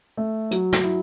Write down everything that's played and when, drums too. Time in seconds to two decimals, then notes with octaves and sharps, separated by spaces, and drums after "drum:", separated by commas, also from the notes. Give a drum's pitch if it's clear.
0.17 A3
0.51 F#3, drum: hi-hat
0.73 drum: snare
0.84 E4